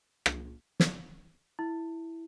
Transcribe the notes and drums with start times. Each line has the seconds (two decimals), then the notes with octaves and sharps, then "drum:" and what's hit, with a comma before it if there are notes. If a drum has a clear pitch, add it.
0.26 drum: rim click
0.80 drum: snare
1.59 E4